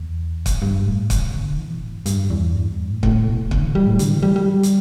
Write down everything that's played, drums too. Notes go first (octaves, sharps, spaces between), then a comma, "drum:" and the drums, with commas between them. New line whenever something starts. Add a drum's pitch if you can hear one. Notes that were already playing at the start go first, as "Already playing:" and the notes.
Already playing: E2
drum: kick, hi-hat
G2
A2
B2, drum: kick, hi-hat
D3
E3
B2
A2
G2
G2, drum: hi-hat
E2
G2
E2
G2
A2
A2, drum: kick
B2
D3, drum: kick
E3
G3
A2
D3, drum: hi-hat
E3
G3
G3
drum: hi-hat